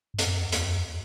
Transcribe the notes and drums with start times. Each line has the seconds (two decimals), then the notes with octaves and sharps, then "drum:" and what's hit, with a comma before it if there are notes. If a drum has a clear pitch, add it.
0.14 G#2
0.19 F#2, drum: hi-hat
0.41 E2
0.52 drum: hi-hat
0.64 F#2
0.78 E2